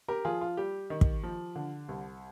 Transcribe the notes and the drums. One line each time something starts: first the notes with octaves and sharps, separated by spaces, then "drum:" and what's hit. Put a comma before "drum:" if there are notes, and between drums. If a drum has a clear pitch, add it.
G4 A#4
F3 F4 G#4
F4
G3 G4
D#3
drum: kick
F3
D3
C2